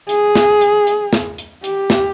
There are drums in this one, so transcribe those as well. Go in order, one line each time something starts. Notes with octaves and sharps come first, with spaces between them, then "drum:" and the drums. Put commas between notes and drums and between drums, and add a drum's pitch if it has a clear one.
G#4, drum: hi-hat
drum: snare
drum: hi-hat
drum: hi-hat
drum: snare
drum: hi-hat
G4, drum: hi-hat
drum: snare